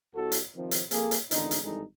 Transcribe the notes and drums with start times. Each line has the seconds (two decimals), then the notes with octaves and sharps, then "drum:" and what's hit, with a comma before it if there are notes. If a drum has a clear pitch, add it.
0.15 C2 F#4 A4
0.32 drum: hi-hat
0.55 C3 D#3 F3
0.71 drum: hi-hat
0.91 F2 A#3 G#4 A4, drum: hi-hat
1.11 drum: hi-hat
1.31 G#1 E2 D3 D#4, drum: hi-hat
1.51 drum: hi-hat
1.63 G#1 G2 E3 G#3 D#4 A4